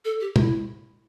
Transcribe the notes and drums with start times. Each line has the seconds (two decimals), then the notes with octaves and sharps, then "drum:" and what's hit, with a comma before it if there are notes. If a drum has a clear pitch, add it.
0.05 A4
0.21 G4
0.36 E4, drum: tom